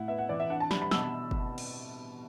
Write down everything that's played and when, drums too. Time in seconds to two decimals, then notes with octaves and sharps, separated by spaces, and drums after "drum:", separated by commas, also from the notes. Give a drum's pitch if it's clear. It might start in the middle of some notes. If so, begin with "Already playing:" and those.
Already playing: A2 E4 F#5
0.08 B3 E5
0.18 F#5
0.29 E3 D5
0.40 E5
0.50 D4 F#5
0.60 A5
0.71 G3 B5, drum: snare
0.82 B5
0.91 B2 E6, drum: snare
1.31 drum: kick F#1
1.58 drum: cymbal